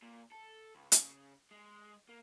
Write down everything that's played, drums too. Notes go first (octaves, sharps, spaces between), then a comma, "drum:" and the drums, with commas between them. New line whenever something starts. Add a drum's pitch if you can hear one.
A#2
A4
C#2
C#3, drum: hi-hat
G#3
A#3